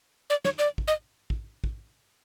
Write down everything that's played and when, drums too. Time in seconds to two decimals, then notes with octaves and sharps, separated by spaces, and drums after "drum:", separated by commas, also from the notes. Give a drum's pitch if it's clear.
0.30 D5
0.45 C#5, drum: snare
0.58 D5
0.78 drum: kick
0.88 D#5
1.30 drum: kick
1.64 drum: kick